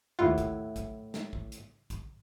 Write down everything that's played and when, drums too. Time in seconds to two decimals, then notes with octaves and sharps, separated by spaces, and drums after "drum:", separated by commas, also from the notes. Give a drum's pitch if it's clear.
0.19 D#2 A2 E4 F4 F#5
0.38 drum: kick, hi-hat
0.76 drum: kick, hi-hat
1.14 drum: snare
1.33 drum: kick
1.52 drum: hi-hat
1.90 drum: kick, hi-hat